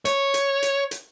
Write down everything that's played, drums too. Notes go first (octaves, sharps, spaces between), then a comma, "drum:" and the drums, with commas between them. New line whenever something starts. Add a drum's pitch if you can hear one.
C#5, drum: hi-hat
drum: hi-hat
drum: hi-hat
drum: hi-hat